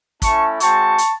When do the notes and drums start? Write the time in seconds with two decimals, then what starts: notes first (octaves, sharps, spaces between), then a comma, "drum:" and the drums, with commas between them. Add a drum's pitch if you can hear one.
0.22 A3 C#4 E4 A5 C#6, drum: kick, hi-hat
0.60 G#3 C4 F#4 A5 C#6, drum: hi-hat
0.98 drum: hi-hat